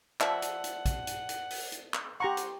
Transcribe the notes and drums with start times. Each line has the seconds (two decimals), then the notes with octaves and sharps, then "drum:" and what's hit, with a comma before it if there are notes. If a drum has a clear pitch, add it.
0.21 F3 F4 D5 E5 F#5 A5, drum: clap
0.42 drum: hi-hat
0.64 drum: hi-hat
0.85 drum: kick, hi-hat
1.07 drum: hi-hat
1.29 drum: hi-hat
1.50 drum: open hi-hat
1.72 drum: hi-hat
1.94 drum: clap
2.20 G4 F#5 A#5 C6 C#6
2.37 drum: hi-hat